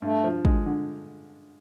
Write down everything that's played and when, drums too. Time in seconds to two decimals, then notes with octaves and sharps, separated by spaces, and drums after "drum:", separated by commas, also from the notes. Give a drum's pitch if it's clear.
0.02 G2 A3
0.24 F3
0.45 G#3, drum: kick
0.66 D3